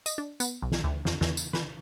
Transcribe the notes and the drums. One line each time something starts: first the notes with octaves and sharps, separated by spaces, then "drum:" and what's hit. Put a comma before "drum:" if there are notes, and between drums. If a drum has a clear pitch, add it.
D#5, drum: tambourine
D4
B3, drum: tambourine
B1
drum: snare
D2
F2, drum: snare
E2, drum: snare
drum: tambourine
B4, drum: snare